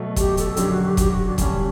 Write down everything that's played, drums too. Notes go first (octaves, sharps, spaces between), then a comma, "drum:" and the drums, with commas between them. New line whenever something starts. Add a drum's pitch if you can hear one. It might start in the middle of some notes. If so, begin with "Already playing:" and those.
Already playing: B2 F#3 A3
G4, drum: kick, hi-hat
A4, drum: hi-hat
F#2 D3 F#3 G4, drum: hi-hat
F#4
G4
G4, drum: kick, hi-hat
F#4
D4
G2 D3 G3 C#4, drum: kick, hi-hat